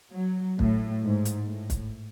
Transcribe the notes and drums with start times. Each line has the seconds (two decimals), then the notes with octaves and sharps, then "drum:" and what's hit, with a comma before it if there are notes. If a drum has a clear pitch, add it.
0.14 F#3
0.59 A2, drum: kick
1.03 G#2
1.25 drum: hi-hat
1.47 A2
1.70 drum: kick, hi-hat